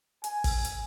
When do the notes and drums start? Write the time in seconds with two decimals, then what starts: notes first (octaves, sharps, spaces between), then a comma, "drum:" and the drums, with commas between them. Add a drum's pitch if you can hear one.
0.24 G#5, drum: hi-hat
0.44 drum: kick, open hi-hat
0.65 drum: hi-hat